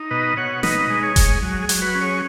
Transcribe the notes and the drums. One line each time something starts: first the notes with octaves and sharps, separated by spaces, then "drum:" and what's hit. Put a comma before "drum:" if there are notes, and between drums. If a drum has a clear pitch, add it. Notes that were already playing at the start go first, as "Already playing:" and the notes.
Already playing: D#4
B2 B4 D#5
B2 C#5 F#5
D#4 B4 D#5, drum: snare
G#3
G#4 C#5
G#3, drum: kick F1, hi-hat
F#3
G#4
F#3, drum: hi-hat
F#4 B4
C#4
G#4 C#5